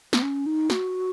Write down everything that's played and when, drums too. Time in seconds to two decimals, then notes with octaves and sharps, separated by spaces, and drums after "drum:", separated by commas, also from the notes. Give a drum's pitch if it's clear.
0.13 B3, drum: snare
0.22 C#4
0.46 D#4
0.70 F#4, drum: snare